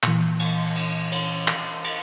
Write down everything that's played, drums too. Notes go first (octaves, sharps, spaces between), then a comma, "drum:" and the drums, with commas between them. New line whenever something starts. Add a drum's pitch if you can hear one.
A#2 E3, drum: clap
drum: cymbal
drum: cymbal
drum: cymbal
drum: clap
drum: cymbal